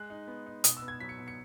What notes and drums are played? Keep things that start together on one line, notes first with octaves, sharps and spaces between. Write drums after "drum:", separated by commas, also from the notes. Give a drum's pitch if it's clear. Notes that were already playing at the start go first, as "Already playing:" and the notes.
Already playing: G#3 F#6
D#4
B3
D#4
B2 D#6, drum: hi-hat
E6
B3
G#6
F#3 B6
C#7
B2
C#7